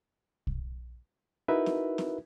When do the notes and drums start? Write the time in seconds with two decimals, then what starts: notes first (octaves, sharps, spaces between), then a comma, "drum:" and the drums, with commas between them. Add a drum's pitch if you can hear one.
0.47 drum: kick
1.48 D#4 E4 F#4 A#4 B4 E5
1.66 drum: snare
1.98 drum: snare